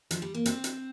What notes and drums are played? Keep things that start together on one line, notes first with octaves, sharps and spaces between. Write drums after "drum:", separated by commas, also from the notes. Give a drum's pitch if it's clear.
F3, drum: hi-hat
G3
A#3
C4, drum: hi-hat
drum: hi-hat